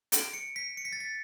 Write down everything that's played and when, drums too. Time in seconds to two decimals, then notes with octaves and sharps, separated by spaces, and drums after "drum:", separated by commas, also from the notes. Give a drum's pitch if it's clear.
0.12 D7, drum: hi-hat
0.34 C#7
0.56 B6
0.77 C#7
0.85 B6
0.93 A6
1.00 B6